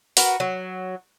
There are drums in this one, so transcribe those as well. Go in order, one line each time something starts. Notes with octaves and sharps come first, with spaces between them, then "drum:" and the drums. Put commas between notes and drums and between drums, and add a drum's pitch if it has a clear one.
F#4 A#4 B4, drum: open hi-hat
F#3